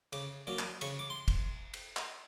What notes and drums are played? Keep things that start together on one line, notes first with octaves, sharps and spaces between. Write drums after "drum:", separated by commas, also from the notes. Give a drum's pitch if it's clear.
C#3 D6, drum: cymbal
F#3 A#3 D4 D6
drum: clap
C#3 C#6, drum: cymbal
D6
C6
drum: kick, cymbal
drum: cymbal
drum: clap